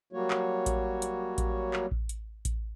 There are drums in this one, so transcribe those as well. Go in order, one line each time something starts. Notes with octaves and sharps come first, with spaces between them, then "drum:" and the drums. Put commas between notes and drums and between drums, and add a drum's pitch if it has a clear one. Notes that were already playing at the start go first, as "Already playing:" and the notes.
F#3 G3 A#3 F#4 C#5
drum: clap
drum: kick A1, hi-hat
drum: hi-hat
drum: kick A1, hi-hat
drum: clap
drum: kick A1
drum: hi-hat
drum: kick A1, hi-hat